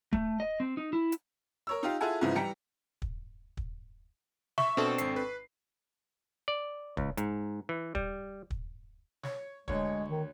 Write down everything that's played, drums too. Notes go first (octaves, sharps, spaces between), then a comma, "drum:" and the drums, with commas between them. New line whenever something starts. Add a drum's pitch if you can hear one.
A3, drum: kick
D#5
C4
D#4
E4
drum: hi-hat
A#4 C#5 E6
D#4 F4 G4 F5
E4 F4 G#4 A4 F#5 G#5
G#2 C#3 E3 F3 D#4 E4
E3 G3 G5 A#5 C#7
drum: kick
drum: kick
E5 C#6, drum: snare
B2 C4 D4 A4
G#1 C7, drum: hi-hat
B4
D5
C#2, drum: kick
G#2, drum: hi-hat
E3
G3, drum: kick
drum: kick
C#5, drum: snare
D2 G#3 C#5, drum: kick
D#3